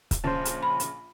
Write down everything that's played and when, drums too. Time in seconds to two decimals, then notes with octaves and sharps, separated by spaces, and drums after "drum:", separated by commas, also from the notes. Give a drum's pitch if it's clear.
0.11 drum: kick, hi-hat
0.24 A#1 C#3 C#4 C5 A5
0.45 drum: hi-hat
0.63 B5
0.80 drum: hi-hat